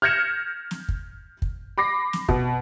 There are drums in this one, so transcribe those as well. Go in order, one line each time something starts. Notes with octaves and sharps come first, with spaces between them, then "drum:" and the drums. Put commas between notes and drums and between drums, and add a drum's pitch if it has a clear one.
F6 G6 G#6 A#6 C#7 E7
drum: snare
drum: kick
drum: kick
B5 D6 A#6 C7
drum: snare
B2, drum: kick